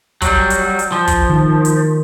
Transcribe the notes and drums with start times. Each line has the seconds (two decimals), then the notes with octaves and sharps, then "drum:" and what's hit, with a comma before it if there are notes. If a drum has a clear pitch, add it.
0.22 F#3 G3, drum: kick, hi-hat
0.50 drum: hi-hat
0.79 drum: hi-hat
0.92 F3
1.07 drum: kick, hi-hat
1.30 D#3
1.65 drum: hi-hat